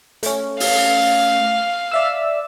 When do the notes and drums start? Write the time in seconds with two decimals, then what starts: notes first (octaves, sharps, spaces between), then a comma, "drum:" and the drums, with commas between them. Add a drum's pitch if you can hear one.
0.23 A3 C#4, drum: hi-hat
0.60 F5, drum: open hi-hat
1.92 D5 E5 E6